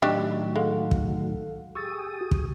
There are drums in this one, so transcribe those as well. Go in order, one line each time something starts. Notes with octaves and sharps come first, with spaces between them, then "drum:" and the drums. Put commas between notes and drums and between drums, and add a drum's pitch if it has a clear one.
A2 D#3 F#3 D4 G4 D#5 C#6
G#3 A4 F5 F#5
drum: kick
G4 G#4 C#6 D#6 E6 A6
F#4
drum: kick